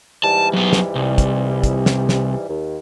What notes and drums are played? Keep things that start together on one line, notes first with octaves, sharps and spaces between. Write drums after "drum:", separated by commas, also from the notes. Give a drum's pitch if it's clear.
G#2 E3 G3 A5
F#3 B3
drum: snare
C2
drum: kick, hi-hat
drum: kick, hi-hat
drum: snare
drum: snare
D#2